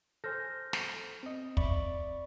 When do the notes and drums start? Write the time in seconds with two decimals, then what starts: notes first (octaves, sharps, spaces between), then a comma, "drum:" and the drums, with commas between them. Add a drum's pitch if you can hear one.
0.24 A4 C5 G#5 F6 G6 A#6
0.73 drum: snare
1.23 C4 D#5
1.57 D5 E5 B5 C#6, drum: kick